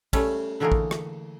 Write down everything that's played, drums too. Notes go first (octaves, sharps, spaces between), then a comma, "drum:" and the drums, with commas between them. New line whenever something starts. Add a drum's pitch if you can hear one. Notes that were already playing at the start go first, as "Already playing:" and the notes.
G3 A3 C#4, drum: kick, cymbal
D3 E3 A3 A#3 G#4 A#4
drum: kick
drum: rim click